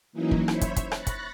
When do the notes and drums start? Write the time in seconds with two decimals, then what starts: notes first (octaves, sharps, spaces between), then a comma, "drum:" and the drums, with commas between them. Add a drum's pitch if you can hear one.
0.13 E3 F#3 A#3 C#4 D#4 E4
0.31 drum: kick
0.48 C5 C#5 E5 B5, drum: rim click
0.61 drum: kick, hi-hat
0.76 drum: kick, hi-hat
0.92 B5 C#6 F#6 A6 A#6, drum: rim click
1.07 drum: kick, hi-hat